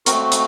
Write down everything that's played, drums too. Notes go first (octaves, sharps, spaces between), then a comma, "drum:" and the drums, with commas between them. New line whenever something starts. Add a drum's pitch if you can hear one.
A3 C4 F#4 A#4, drum: hi-hat
drum: hi-hat